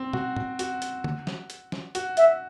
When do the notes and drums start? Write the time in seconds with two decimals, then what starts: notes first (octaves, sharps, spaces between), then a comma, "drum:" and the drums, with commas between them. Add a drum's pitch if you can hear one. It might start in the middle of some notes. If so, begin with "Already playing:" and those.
Already playing: C4
0.13 F#4, drum: tom B2
0.36 drum: tom
0.59 F#4, drum: hi-hat
0.82 drum: hi-hat
1.04 drum: tom D3
1.27 drum: snare
1.50 drum: hi-hat
1.72 drum: snare
1.95 F#4, drum: hi-hat
2.17 E5, drum: hi-hat